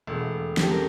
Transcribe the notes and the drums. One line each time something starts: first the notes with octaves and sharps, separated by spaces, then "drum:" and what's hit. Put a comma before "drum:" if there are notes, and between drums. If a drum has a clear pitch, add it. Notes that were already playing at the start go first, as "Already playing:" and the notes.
E1 A3 B3
C#4 G4 A4, drum: snare
A#4